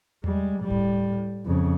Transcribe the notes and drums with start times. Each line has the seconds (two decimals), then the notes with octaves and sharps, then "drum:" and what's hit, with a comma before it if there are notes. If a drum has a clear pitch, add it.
0.24 G3 G#3, drum: tom E2
0.61 A2 G3
0.71 drum: kick D1
1.46 F2 C#3